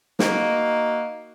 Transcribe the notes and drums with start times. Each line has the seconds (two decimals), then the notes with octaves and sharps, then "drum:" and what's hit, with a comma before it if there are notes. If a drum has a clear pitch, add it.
0.19 A#3 D#4 F#4, drum: snare